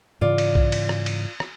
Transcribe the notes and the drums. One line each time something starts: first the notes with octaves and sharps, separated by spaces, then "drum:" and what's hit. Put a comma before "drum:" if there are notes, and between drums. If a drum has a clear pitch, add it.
G#2 C#3 E3 F4 D5
drum: cymbal
drum: kick B1
drum: cymbal
drum: rim click
drum: cymbal
drum: rim click